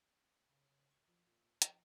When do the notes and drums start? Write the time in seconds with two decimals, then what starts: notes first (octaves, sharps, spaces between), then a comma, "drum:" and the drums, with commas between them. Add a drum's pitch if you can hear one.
0.49 C#3
0.65 C#3
0.90 C#6
1.08 F2
1.27 A#2
1.62 F3, drum: hi-hat